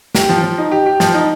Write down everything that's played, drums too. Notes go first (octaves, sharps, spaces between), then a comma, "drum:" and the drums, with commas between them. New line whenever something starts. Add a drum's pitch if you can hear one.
G4, drum: snare
F3
F3
D#4
G4
G4
F3, drum: snare
D#4